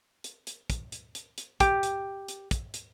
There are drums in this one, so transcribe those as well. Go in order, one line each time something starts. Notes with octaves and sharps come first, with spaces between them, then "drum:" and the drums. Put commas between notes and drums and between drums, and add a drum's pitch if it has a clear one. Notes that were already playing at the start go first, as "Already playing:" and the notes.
drum: hi-hat
drum: hi-hat
drum: kick, hi-hat
drum: hi-hat
drum: hi-hat
drum: hi-hat
G4, drum: kick, hi-hat
drum: hi-hat
drum: hi-hat
drum: kick, hi-hat
drum: hi-hat